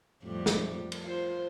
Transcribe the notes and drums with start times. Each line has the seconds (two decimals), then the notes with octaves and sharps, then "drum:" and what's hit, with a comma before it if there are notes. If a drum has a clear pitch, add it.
0.23 F2 A2 G3
0.46 drum: snare
0.92 drum: cymbal
1.03 F4 C5